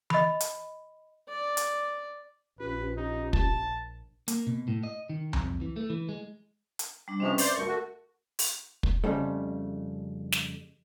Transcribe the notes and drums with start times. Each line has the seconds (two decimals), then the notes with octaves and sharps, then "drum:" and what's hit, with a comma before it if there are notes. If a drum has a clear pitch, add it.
0.10 D#5 B5, drum: tom E3
0.40 drum: hi-hat
1.29 D5
1.57 drum: hi-hat
2.60 A#1 C#4 F4 G4 B4
2.97 D#4
3.33 A5, drum: kick
4.28 A#3, drum: hi-hat
4.47 B2
4.68 A2
4.84 D#5
5.09 D#3
5.33 F2, drum: tom C2
5.61 E3
5.76 A3
5.90 E3
6.09 G#3
6.79 drum: hi-hat
7.08 G3 D4
7.20 C3 F3 G#3 C4 C#4 B4
7.38 C5 D5 E5 C6, drum: open hi-hat
7.55 D2 G2 A#4 C#6
7.67 A3 F#4
8.39 drum: open hi-hat
8.83 drum: kick
9.04 F2 C#3 G3 A3
10.32 drum: snare